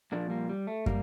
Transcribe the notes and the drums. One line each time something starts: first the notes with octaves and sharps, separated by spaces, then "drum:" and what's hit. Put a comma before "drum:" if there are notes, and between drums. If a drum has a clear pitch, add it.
A#2 F3 A#3 D4
G3 A#3
G3
A3
G3 A#3, drum: kick